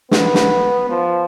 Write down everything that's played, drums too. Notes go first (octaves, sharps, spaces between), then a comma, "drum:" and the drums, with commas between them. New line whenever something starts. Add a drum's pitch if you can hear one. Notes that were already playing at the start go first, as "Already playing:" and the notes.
B3, drum: snare
drum: snare
F3